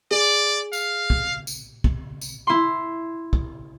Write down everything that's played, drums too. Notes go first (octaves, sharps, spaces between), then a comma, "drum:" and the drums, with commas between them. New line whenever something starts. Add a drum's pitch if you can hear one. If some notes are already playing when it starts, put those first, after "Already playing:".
G#4 D5
F5, drum: tambourine
drum: kick
drum: tambourine
drum: kick
drum: tambourine
E4 C6
drum: kick